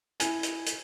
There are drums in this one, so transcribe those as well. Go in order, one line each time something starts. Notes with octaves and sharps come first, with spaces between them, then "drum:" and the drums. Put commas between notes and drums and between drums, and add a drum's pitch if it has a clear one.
E4 G#5, drum: hi-hat
drum: hi-hat
drum: hi-hat